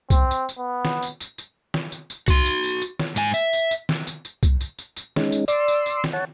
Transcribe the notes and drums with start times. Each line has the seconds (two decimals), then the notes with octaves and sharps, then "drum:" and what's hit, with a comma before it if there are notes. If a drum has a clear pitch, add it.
0.10 C4, drum: kick, tambourine
0.31 drum: tambourine
0.49 drum: tambourine
0.58 B3
0.85 drum: snare
1.03 drum: tambourine
1.20 drum: tambourine
1.38 drum: tambourine
1.74 drum: snare
1.92 drum: tambourine
2.10 drum: tambourine
2.28 F#4 C6, drum: kick, tambourine
2.46 drum: tambourine
2.64 drum: tambourine
2.82 drum: tambourine
2.99 drum: snare
3.16 G#2 G#5, drum: tambourine
3.34 E5, drum: tambourine
3.53 drum: tambourine
3.71 drum: tambourine
3.89 drum: snare
4.07 drum: tambourine
4.25 drum: tambourine
4.43 drum: kick, tambourine
4.61 drum: tambourine
4.79 drum: tambourine
4.96 drum: tambourine
5.16 G#3 C#4 D#4, drum: snare
5.32 drum: tambourine
5.48 D5 C6 E6, drum: tambourine
5.68 drum: tambourine
5.86 drum: tambourine
6.04 drum: snare
6.13 C#5 F#5 A5